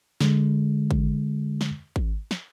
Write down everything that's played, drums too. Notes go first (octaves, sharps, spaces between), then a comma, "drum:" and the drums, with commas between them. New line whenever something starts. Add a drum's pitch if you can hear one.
D3 G#3, drum: snare
drum: kick G#1
drum: snare
drum: kick G#1
drum: snare